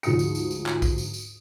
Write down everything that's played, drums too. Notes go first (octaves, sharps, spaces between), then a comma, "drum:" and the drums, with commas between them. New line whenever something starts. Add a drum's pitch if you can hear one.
D2 G#2 F3 F#4 D#6 C#7, drum: tambourine
drum: tambourine
drum: tambourine
drum: tambourine
drum: clap
drum: kick A1, tambourine
drum: tambourine
drum: tambourine